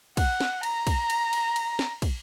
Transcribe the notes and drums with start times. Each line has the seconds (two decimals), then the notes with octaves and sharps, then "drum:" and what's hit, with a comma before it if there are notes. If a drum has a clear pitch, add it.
0.17 F#5, drum: kick, cymbal
0.40 drum: snare
0.63 A#5, drum: cymbal
0.87 drum: kick, cymbal
1.10 drum: cymbal
1.33 drum: cymbal
1.56 drum: cymbal
1.79 drum: snare
2.02 drum: kick, cymbal